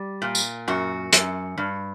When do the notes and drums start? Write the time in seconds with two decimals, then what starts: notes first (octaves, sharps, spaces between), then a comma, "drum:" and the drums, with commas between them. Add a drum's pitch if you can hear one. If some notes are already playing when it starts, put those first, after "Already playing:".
Already playing: G3
0.22 A#2
0.35 drum: tambourine
0.68 F#2 F#4
1.13 F#2, drum: hi-hat
1.58 G2